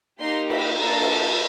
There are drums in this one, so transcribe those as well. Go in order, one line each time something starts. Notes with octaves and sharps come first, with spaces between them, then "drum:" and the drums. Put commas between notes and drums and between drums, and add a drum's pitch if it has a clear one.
A#3 D#4 G4 C6
B5, drum: cymbal
A#3 D4 F#4 A4 A#5
drum: cymbal